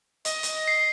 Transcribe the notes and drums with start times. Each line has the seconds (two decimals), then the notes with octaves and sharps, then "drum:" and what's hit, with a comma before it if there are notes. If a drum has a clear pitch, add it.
0.25 D#5, drum: hi-hat
0.43 drum: hi-hat
0.68 C7